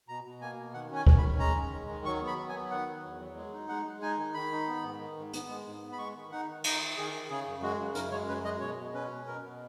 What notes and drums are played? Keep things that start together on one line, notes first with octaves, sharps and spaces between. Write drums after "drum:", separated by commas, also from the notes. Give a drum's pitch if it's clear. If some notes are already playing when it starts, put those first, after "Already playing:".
B2 A#5
B2
A#3 G#5
B2
D#3 F#5
C#4 G#5
D#3, drum: kick D2
B5
C#4
G#3 A#5
D#3
G#3
D#3
F#3 C#6
B3
B5
F#3
G#5
B3
D#3 F#5
F#3
E2
F#3
G#3
D#4
G#3 F#5
G#3
D#4 G#5
D#3
D#3 B5
D#4
B3
G#2
D#3
G#2
B3, drum: hi-hat
G#3
G#2
B3
B5
G#3 C#6
D#3
D#4 F#5
D#3
D#4 D#5, drum: cymbal
D#3
D#3 G#4
D#3
C#3 G#4
F#2
G#3 F#4
C#3
F#2 A#4, drum: hi-hat
G#3 C#5
F#2 B4
G#3 D#5
B2 C#5
B2
C#4 B4
B2
B2 A#4
B2